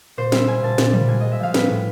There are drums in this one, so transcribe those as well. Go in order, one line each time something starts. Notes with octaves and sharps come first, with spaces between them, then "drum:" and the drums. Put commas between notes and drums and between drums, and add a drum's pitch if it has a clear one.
A#2 C5
G3 E5, drum: snare
G3 G#5
A#2 A5
A#2, drum: snare
G3, drum: tom
G#3 G#5
G#3 D#5
E5
F3 F5
A2 B4, drum: snare
A2